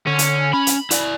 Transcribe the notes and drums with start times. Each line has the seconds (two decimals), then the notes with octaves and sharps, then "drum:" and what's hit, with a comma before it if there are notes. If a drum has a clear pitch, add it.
0.07 D3 C#4
0.19 drum: hi-hat
0.53 C#4 B5
0.67 drum: hi-hat
0.91 E4 D5, drum: hi-hat